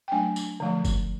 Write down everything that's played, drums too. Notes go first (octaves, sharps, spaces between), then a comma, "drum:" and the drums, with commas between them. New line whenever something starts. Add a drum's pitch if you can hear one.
G5
F#3 A3 D4 G#5
drum: tambourine
D3 F3 A3
drum: kick, tambourine